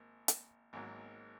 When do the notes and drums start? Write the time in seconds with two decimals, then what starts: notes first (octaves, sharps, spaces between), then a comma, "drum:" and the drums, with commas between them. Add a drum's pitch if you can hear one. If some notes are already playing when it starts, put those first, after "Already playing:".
Already playing: G#1 A#3
0.28 drum: hi-hat
0.73 G#1 G#2 F#3 A#3